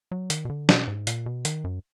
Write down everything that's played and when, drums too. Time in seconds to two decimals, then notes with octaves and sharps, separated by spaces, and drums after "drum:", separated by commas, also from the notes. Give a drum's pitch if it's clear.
0.12 F#3
0.30 D#3, drum: hi-hat
0.45 B2
0.50 D3
0.69 B2, drum: snare
0.88 G#2
1.07 A#2, drum: hi-hat
1.26 B2
1.45 D#3, drum: hi-hat
1.64 F#2